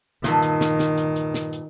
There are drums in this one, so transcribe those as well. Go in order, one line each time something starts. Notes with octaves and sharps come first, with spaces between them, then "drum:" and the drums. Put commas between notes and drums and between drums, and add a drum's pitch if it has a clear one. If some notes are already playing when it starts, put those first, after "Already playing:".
G2 A#2 D#3, drum: snare
drum: hi-hat
drum: snare
drum: snare
drum: hi-hat
drum: hi-hat
drum: snare
drum: hi-hat